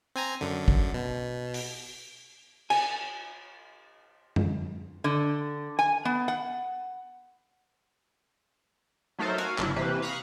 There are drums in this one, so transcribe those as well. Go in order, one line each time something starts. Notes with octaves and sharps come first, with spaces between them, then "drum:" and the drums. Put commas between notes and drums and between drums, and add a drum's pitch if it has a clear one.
C4 G#5 A#5
F#2 D3
drum: kick
B2
drum: open hi-hat
G#5, drum: cymbal
drum: tom F#2
D3
G#5
B3
F#5
F#3 A3 D#4 A4 A#4 C5
F#4 A#4 F5 G#5, drum: hi-hat
G1 D4 E4, drum: clap
C3 E3 A#3 B4 C5
F5 A#5 B5 C#6 D#6 F#6